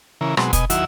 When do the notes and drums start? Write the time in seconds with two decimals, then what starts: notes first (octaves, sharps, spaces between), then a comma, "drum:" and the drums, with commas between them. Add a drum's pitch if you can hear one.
0.21 C#3 E3 A#4
0.37 B2 F#3 G#3 C4, drum: rim click
0.53 B2 D#5 G#5, drum: kick, hi-hat
0.70 D#2 F#3 E4 F#4 E5, drum: hi-hat